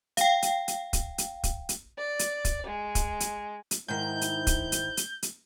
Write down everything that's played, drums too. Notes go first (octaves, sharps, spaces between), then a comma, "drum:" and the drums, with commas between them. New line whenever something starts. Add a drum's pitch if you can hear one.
F5 G5, drum: hi-hat
drum: hi-hat
drum: hi-hat
drum: kick, hi-hat
drum: hi-hat
drum: kick, hi-hat
drum: hi-hat
D5
drum: hi-hat
drum: kick, hi-hat
G#3
drum: kick, hi-hat
drum: hi-hat
drum: hi-hat
G#2 D#3 D#4 E4 C5 G6
drum: hi-hat
drum: kick, hi-hat
drum: hi-hat
drum: hi-hat
drum: hi-hat